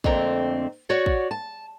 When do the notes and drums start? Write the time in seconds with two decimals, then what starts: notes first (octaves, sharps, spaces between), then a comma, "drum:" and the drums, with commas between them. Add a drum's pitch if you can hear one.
0.04 F2 D3 A3 A#3 C4 A#5, drum: kick
0.89 F#4 C#5 D5 F#5
1.06 drum: kick
1.31 A5